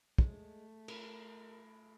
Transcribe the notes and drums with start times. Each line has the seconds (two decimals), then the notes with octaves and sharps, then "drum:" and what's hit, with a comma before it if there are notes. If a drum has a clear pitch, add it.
0.18 G#3 A3, drum: kick
0.88 A#4, drum: cymbal